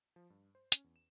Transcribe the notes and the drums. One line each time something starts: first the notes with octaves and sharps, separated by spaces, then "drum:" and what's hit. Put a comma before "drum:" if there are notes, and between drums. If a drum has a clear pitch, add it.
F3
G2
C5
C#4, drum: hi-hat
E2
E7